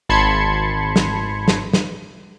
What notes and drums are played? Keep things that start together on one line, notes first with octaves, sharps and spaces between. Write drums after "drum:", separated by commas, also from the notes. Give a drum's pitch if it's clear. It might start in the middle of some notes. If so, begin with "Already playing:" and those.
G#1 A5 B5 C6 G#6 C#7
drum: snare
drum: snare
drum: snare